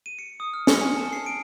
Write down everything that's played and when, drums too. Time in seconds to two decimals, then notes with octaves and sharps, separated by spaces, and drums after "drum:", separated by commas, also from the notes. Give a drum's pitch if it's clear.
0.06 D#7
0.19 C#7
0.40 D#6
0.54 F6
0.67 C#7, drum: snare
0.81 G#5
0.97 A5
1.13 C7
1.26 D7